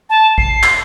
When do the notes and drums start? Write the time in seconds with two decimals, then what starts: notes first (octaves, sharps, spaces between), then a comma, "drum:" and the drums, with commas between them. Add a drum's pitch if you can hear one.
0.10 A5
0.38 C7, drum: kick A1
0.63 drum: clap